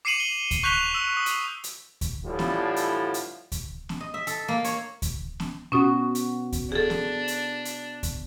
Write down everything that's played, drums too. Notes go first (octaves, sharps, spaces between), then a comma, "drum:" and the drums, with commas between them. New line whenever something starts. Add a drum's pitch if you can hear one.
D6 C7 C#7 D#7 E7 F#7
G7
drum: kick D2, hi-hat
C#6 F#6 G6 B6 F7 G7
E6
D#6
drum: hi-hat
drum: hi-hat
drum: kick D2, hi-hat
A2 D3 E3 F3 G3
drum: snare B3
drum: hi-hat
drum: hi-hat
drum: kick D2, hi-hat
drum: snare B3
D#5
E5
A4, drum: hi-hat
A#3
C#5, drum: hi-hat
drum: kick D2, hi-hat
drum: snare B3
B2 C#4 F#4 D#6
drum: hi-hat
drum: kick D2, hi-hat
D4 G#4 A4
drum: snare B3
drum: hi-hat
drum: hi-hat
drum: kick D2, hi-hat